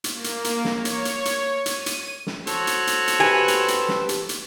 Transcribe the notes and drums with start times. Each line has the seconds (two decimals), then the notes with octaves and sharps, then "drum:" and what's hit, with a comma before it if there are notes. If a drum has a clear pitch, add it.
0.04 drum: hi-hat
0.14 A#3
0.24 drum: hi-hat
0.44 drum: hi-hat
0.65 drum: snare
0.74 C#5
0.85 drum: hi-hat
1.05 drum: hi-hat
1.25 drum: hi-hat
1.66 D#7, drum: hi-hat
1.86 drum: hi-hat
2.27 drum: snare
2.47 F#4 A4 C5 C#5, drum: hi-hat
2.67 drum: hi-hat
2.87 drum: hi-hat
3.08 drum: hi-hat
3.20 G4 B4 G#5
3.48 drum: hi-hat
3.68 drum: hi-hat
3.89 drum: snare
4.09 drum: hi-hat
4.29 drum: hi-hat